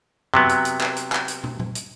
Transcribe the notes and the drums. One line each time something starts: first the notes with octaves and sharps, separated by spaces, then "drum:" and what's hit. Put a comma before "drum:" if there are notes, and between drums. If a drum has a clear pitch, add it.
C3 F#3 B3, drum: tom F#2
drum: hi-hat
drum: hi-hat
drum: clap
drum: hi-hat
drum: clap
drum: hi-hat
drum: tom
drum: tom A#2
drum: hi-hat